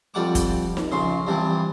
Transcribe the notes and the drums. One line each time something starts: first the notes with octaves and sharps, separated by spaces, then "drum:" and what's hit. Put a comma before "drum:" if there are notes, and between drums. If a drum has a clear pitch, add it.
F2 G3 F#5 D6
drum: kick, hi-hat
drum: snare D#4
A#1 C#3 C6
G2 C3 E3